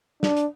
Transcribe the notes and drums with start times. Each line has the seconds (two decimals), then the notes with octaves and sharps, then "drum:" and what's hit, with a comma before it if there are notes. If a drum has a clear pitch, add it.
0.23 D4, drum: snare
0.36 drum: hi-hat